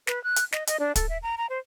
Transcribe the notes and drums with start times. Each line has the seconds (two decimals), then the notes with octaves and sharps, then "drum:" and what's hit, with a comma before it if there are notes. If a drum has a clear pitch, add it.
0.07 B4, drum: snare
0.24 F#6
0.36 drum: hi-hat
0.52 D#5, drum: snare
0.67 D#5, drum: hi-hat
0.80 D4
0.95 A4, drum: kick, hi-hat
1.09 E5
1.23 A#5
1.38 A#5
1.50 C5